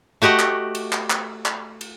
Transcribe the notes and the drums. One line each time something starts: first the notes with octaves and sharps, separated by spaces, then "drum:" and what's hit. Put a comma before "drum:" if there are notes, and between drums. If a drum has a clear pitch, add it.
A3 F#4 G4 D#5 F#5
drum: clap
drum: cymbal
drum: clap
drum: clap
drum: clap
drum: cymbal